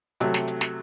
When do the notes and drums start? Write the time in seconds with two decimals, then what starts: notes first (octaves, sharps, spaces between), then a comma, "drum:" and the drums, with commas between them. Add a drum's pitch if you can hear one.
0.20 C3 F#3 A3, drum: hi-hat
0.34 drum: snare
0.48 drum: hi-hat
0.61 drum: snare